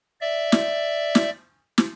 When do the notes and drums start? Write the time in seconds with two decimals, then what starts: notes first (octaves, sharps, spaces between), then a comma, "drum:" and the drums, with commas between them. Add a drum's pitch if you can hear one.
0.21 D5 E5
0.52 drum: snare
1.15 drum: snare
1.78 drum: snare